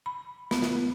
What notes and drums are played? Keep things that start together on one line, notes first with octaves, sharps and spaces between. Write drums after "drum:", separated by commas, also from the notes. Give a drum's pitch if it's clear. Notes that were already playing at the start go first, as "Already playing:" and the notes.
B5
B3, drum: snare
drum: snare